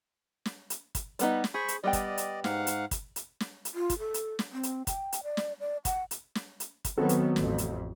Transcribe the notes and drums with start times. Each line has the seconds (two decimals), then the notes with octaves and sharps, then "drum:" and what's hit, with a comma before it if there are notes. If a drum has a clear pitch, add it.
0.45 drum: snare
0.70 drum: hi-hat
0.95 drum: kick, hi-hat
1.19 G3 B3 D#4, drum: hi-hat
1.44 drum: snare
1.54 G#4 C5 B5 C#6
1.68 drum: hi-hat
1.84 G3 B3 D5 D#5 G5
1.93 drum: kick, hi-hat
2.18 drum: hi-hat
2.44 G#2 F5 F#5, drum: snare
2.67 drum: hi-hat
2.91 drum: kick, hi-hat
3.16 drum: hi-hat
3.40 drum: snare
3.65 drum: hi-hat
3.75 F4
3.90 drum: kick, hi-hat
3.99 A4
4.14 drum: hi-hat
4.39 drum: snare
4.53 C4
4.63 drum: hi-hat
4.87 G5, drum: kick, hi-hat
5.12 drum: hi-hat
5.23 D5
5.37 drum: snare
5.60 D5
5.85 F#5, drum: kick, hi-hat
6.11 drum: hi-hat
6.35 drum: snare
6.60 drum: hi-hat
6.85 drum: kick, hi-hat
6.98 D#3 F#3 B3 C4 F#4 A4
7.09 drum: hi-hat
7.36 A1 F2, drum: snare
7.58 drum: hi-hat